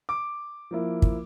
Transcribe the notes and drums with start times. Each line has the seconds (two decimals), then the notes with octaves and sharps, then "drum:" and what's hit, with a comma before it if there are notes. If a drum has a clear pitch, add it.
0.09 D6
0.71 F3 A#3 E4
1.02 drum: kick